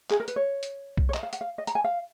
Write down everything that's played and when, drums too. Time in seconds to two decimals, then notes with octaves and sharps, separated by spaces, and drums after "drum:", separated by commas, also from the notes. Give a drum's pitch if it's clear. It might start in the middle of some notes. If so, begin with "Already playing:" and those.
0.10 G#4, drum: clap
0.20 A#4
0.28 B4, drum: hi-hat
0.36 C#5
0.63 drum: hi-hat
0.97 drum: kick B1
1.09 C#5
1.14 D#5, drum: clap
1.23 F5
1.33 F#5, drum: hi-hat
1.41 F5
1.58 D#5
1.67 A#5, drum: hi-hat
1.75 G#5
1.84 F5